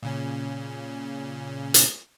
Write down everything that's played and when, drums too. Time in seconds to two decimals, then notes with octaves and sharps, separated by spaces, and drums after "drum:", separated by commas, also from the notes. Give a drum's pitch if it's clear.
0.03 A#2 C#3 C#4
1.74 drum: hi-hat